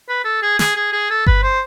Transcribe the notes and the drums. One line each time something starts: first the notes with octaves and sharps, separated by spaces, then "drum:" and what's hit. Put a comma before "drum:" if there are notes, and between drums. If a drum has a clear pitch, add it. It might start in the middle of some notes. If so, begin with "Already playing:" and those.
B4
A4
G#4
G#4, drum: snare
G#4
G#4
A4
B4, drum: kick G1
C5